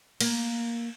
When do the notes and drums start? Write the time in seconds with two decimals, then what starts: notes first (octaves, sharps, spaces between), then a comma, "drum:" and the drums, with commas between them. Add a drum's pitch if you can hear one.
0.21 A#3, drum: cymbal